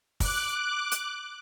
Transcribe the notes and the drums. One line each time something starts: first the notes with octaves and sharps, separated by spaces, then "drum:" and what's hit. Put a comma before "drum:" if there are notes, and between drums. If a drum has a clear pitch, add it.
D6 F#6, drum: kick, open hi-hat
drum: hi-hat